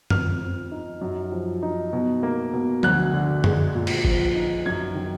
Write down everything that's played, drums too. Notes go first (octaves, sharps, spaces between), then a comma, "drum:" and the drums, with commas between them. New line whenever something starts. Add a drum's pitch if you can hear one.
F2 F6, drum: tom F#2
F3
D#4
F#2
F3
D#4
B2
A#3
B2
D2 F#6, drum: tom F3
D3
G#3, drum: tom F#2
A#2
drum: cymbal
F3, drum: kick G1
D#4
F#2 G#6
D#3